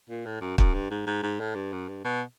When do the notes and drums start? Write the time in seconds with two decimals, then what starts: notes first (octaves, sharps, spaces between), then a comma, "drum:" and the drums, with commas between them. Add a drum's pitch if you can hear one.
0.10 A#2
0.26 A2
0.41 F#2
0.58 F#2, drum: kick
0.74 G2
0.91 G#2
1.07 G#2
1.23 G#2
1.40 A2
1.55 G2
1.72 F#2
1.88 G2
2.05 B2